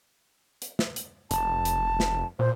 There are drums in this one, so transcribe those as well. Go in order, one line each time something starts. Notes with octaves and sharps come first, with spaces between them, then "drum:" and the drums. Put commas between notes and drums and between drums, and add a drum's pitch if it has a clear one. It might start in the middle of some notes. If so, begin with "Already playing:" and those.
drum: hi-hat
drum: snare
drum: hi-hat
F1 A5, drum: hi-hat
drum: hi-hat
drum: snare
A#2 C5